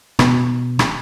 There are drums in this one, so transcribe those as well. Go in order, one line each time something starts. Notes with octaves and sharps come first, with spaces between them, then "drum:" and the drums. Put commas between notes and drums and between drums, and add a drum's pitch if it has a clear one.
B2, drum: rim click
drum: rim click